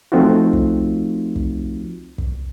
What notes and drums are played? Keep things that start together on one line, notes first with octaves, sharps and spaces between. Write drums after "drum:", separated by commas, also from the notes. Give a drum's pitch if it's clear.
F3 A3 C4 D#4 F4 F#4
drum: kick
drum: kick
drum: kick